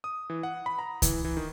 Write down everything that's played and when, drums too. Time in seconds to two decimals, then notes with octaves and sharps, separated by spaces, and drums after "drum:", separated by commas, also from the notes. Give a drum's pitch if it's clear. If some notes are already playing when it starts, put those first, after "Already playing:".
0.04 D#6
0.30 E3
0.43 F#5
0.66 B5
0.79 A#5
1.02 E3, drum: kick C#2, hi-hat
1.25 E3
1.37 D#3